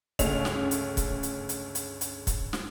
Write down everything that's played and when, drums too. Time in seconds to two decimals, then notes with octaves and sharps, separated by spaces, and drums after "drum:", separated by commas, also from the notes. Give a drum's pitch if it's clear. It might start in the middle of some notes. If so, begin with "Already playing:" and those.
0.19 G1 C#2 A3 C#4 F7, drum: kick, hi-hat
0.45 drum: snare
0.71 drum: hi-hat
0.97 drum: kick, hi-hat
1.23 drum: hi-hat
1.49 drum: hi-hat
1.75 drum: hi-hat
2.01 drum: hi-hat
2.27 drum: kick, hi-hat
2.53 drum: snare